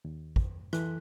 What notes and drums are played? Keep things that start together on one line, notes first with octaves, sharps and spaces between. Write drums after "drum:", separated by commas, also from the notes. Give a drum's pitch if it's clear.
D#2
drum: kick
E3 A4 F#6, drum: rim click